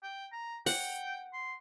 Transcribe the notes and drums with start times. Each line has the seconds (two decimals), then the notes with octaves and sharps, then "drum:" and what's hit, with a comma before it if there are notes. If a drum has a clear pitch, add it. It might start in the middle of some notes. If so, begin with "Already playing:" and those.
0.03 G5
0.33 A#5
0.66 F#5 G5, drum: open hi-hat
1.33 C6